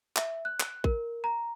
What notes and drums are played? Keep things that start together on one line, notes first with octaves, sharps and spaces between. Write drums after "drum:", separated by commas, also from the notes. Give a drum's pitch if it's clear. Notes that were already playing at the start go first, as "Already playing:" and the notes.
E5, drum: clap
F#6
drum: clap
A#4, drum: kick
A#5